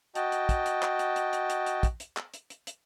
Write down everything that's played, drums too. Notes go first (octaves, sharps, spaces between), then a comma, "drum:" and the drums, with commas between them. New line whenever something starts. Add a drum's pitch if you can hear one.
F#4 D#5 G5 A5, drum: hi-hat
drum: hi-hat
drum: kick, hi-hat
drum: hi-hat
drum: clap
drum: hi-hat
drum: hi-hat
drum: hi-hat
drum: hi-hat
drum: hi-hat
drum: kick, hi-hat
drum: hi-hat
drum: clap
drum: hi-hat
drum: hi-hat
drum: hi-hat